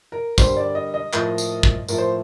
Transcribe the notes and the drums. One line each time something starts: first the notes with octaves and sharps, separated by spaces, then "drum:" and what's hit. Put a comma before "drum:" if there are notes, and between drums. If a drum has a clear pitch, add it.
A#4
D3 G3 A#3 C5, drum: kick, tambourine
D5
D#5
D#5
A2 F3 A#3, drum: clap
drum: tambourine
drum: kick
A2 F3 A#3 A#4, drum: tambourine
C5